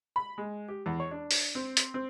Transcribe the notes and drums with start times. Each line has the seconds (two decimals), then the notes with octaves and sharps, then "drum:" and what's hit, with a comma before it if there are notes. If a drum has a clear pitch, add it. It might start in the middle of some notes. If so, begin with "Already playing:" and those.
0.16 B5
0.38 G#3
0.68 G4
0.86 E2
1.00 C#5
1.11 D4
1.31 drum: open hi-hat
1.55 C4
1.77 drum: hi-hat
1.94 C4